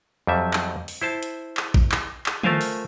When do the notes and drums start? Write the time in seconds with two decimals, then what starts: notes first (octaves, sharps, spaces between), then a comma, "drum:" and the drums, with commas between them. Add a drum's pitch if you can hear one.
0.27 F2 F#3 G3 E5
0.53 drum: clap
0.88 drum: open hi-hat
1.02 E4 C5 A5
1.23 drum: hi-hat
1.57 drum: clap
1.74 drum: kick
1.92 drum: clap
2.26 drum: clap
2.43 A3 F4 A#4 C5 F5 G#5, drum: tom
2.61 drum: open hi-hat